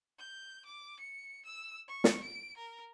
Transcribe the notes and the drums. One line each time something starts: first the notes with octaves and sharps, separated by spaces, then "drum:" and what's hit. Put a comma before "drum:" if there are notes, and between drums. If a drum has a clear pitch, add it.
G6
D6
C#7
E6
C#6
drum: snare
D7
A#4